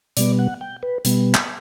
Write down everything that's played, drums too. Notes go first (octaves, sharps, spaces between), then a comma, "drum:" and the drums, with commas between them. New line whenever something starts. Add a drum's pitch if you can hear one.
B2 G3 B3 D5, drum: hi-hat
F#5
G5
B4
B2 G3 B3, drum: hi-hat
drum: clap